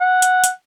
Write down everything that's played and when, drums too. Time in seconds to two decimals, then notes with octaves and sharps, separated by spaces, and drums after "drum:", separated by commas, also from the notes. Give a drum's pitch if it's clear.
0.01 F#5
0.22 drum: hi-hat
0.44 drum: hi-hat